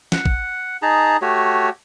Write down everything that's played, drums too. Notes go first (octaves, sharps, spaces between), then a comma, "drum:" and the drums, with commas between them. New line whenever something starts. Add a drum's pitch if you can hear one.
F#5, drum: snare
drum: kick
D#4 G#4 A5 A#5
A3 F#4 G4 C#5